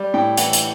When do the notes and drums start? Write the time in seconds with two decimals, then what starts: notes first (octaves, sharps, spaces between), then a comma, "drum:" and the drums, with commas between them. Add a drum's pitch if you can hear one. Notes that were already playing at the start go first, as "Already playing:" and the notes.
Already playing: G3
0.14 A2 G5
0.37 E3 F#5, drum: hi-hat
0.53 drum: hi-hat